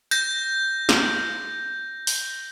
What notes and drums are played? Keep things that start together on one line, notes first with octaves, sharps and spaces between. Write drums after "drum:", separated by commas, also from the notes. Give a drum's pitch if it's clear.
G6 A#6, drum: tambourine
drum: snare
drum: open hi-hat